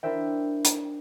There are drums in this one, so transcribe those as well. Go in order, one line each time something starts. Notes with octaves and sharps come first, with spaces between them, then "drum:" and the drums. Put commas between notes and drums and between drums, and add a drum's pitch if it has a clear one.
D4 E4 A#4 C5 E5 G5
drum: hi-hat